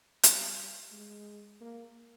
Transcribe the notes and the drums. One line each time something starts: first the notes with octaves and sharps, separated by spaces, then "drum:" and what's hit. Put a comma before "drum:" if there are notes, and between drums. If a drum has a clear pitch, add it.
G3, drum: hi-hat
G#3
A#3